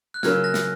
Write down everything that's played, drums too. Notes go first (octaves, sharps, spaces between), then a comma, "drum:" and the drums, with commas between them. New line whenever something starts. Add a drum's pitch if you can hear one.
F#6
C#3 F#3 A#3 C#4 F6 G#6, drum: snare
F#6 A#6
drum: snare